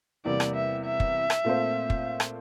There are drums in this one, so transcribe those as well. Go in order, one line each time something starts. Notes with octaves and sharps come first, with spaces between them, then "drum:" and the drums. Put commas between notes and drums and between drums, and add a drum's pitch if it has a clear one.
E2 C3 G3 A#3 E4 D5
drum: rim click
E5
E5
drum: kick
drum: rim click
A#2 A3 C4 F4 C5
drum: kick
drum: rim click